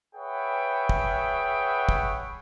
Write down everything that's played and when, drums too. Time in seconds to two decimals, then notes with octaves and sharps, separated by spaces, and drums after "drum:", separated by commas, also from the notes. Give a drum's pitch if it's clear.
0.15 G#4 B4 C#5 E5 F#5 G5
0.89 drum: kick
1.89 drum: kick